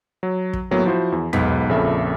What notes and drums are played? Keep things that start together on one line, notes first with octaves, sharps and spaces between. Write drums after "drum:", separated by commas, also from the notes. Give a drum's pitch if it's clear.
F#3
drum: kick
A2 F#3 A#3 B3
F3 E4 F#4 C5
E2
B1 G#2 B3 B6, drum: tom E2
A#1 F2 C#3 A#3 A4 E5